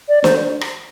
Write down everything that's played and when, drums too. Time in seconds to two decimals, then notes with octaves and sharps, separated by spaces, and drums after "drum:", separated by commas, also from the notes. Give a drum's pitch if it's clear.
0.09 D5
0.24 C5, drum: snare
0.61 drum: rim click